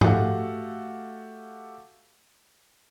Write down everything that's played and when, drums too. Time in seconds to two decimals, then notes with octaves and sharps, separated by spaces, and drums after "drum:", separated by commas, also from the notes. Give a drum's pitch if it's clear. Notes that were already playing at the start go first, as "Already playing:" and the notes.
0.01 A3 F#4 G4 A4 F5 F#5, drum: tom G#2